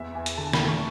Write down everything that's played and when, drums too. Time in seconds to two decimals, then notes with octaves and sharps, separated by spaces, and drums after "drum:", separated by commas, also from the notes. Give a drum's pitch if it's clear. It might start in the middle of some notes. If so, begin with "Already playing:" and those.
Already playing: E2 E5
0.15 E2 G#5
0.26 drum: hi-hat
0.37 D3 A5
0.53 B5, drum: snare
0.61 A3
0.69 C#6